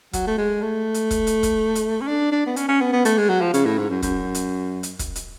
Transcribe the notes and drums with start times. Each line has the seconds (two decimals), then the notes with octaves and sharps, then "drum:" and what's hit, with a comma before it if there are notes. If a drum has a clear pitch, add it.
0.13 F#3, drum: kick, hi-hat
0.27 A3
0.38 G#3
0.62 A3
0.94 drum: hi-hat
1.11 drum: kick, hi-hat
1.27 drum: hi-hat
1.43 drum: kick, hi-hat
1.75 drum: hi-hat
2.01 C#4
2.08 D4
2.32 D4
2.46 B3
2.56 C#4, drum: hi-hat
2.69 C#4
2.81 B3
2.93 B3
3.05 A3, drum: hi-hat
3.18 G#3
3.29 F#3
3.41 F3
3.54 C#3, drum: hi-hat
3.66 A2
3.78 G#2
3.90 F#2
4.02 F#2, drum: kick, hi-hat
4.35 drum: hi-hat
4.83 drum: hi-hat
4.99 drum: kick, hi-hat
5.15 drum: hi-hat